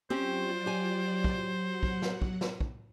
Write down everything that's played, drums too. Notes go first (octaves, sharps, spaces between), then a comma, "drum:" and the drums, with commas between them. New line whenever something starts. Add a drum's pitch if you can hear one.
F#3 C4 C#4 F4 G4 C5 D5
G4 G#5
drum: kick
F#3 F#5
drum: kick
drum: snare
drum: kick
drum: snare
drum: kick